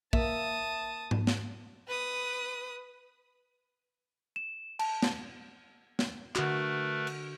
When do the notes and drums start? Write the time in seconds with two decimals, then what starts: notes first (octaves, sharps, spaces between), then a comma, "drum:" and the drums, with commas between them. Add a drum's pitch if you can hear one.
0.13 A#3 E5 A5 D#6, drum: kick
1.11 drum: tom G#2
1.27 drum: snare
1.88 B4 D#6
4.36 E7
4.79 A5, drum: cymbal
5.02 drum: snare
5.99 drum: snare
6.36 D3 A3 F#4 A#4 B4, drum: clap
7.07 drum: cymbal